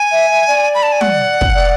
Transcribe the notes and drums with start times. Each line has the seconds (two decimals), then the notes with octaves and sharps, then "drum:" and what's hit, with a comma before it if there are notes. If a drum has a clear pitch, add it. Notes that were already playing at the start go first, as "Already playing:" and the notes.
Already playing: G#5
0.12 E5
0.30 E5
0.48 D5
0.75 B5
0.83 A5
0.92 G#5
1.01 F#5, drum: tom
1.41 drum: kick
1.55 D5